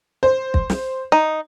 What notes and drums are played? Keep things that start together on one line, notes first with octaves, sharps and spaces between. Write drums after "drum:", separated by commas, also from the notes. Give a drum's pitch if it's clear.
C5
drum: kick
drum: snare
D#4